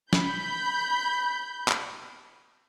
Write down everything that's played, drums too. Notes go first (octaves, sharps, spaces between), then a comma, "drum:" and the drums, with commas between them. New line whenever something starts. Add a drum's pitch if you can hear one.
B5 G6, drum: snare
drum: clap